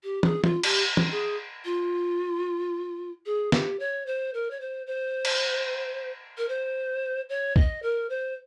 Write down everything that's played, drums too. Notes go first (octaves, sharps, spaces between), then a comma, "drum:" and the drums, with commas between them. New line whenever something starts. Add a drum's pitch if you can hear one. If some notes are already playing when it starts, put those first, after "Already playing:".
G4
G#4, drum: tom
F4, drum: tom
G4, drum: cymbal
drum: tom
G#4
F4
G#4
G4, drum: snare
C#5
C5
A#4
C#5
C5
C5
drum: cymbal
A#4
C5
C#5
D#5, drum: kick
A#4
C5